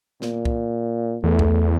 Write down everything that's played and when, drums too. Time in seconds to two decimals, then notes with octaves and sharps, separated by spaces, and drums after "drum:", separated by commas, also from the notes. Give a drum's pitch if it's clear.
0.22 A#2, drum: snare
0.45 drum: kick C2
1.24 E2 A3
1.39 drum: kick C2